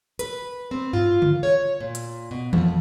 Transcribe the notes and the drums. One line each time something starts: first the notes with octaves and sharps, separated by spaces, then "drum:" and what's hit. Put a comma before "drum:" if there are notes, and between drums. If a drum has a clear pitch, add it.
B4, drum: hi-hat
C4
F4, drum: tom G2
drum: tom C#3
C#5
A#2
drum: hi-hat
B2
F2, drum: tom D#3